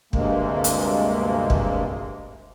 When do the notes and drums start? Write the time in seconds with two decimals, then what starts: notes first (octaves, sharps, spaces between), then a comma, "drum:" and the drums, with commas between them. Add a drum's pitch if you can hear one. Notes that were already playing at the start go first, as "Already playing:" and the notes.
0.13 D2 G2 C3 G#3 A#3, drum: kick
0.64 drum: hi-hat
1.50 drum: kick